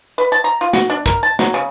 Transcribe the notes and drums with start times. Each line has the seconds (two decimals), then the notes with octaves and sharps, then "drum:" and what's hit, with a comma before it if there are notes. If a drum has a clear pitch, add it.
0.18 B4
0.32 A5
0.44 A#5
0.61 F4
0.73 F#4, drum: snare
0.90 D4
1.06 A#4, drum: kick
1.23 A5
1.39 F#3, drum: snare
1.54 C#3